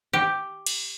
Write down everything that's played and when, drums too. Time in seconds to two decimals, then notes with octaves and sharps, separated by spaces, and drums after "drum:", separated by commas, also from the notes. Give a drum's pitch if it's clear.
0.13 G4
0.66 drum: cymbal